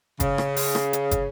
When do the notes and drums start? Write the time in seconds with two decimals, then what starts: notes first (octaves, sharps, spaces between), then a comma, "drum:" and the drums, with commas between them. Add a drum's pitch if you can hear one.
0.20 C#3, drum: kick, hi-hat
0.38 drum: rim click
0.56 drum: open hi-hat
0.75 drum: rim click
0.93 drum: hi-hat
1.11 drum: kick, hi-hat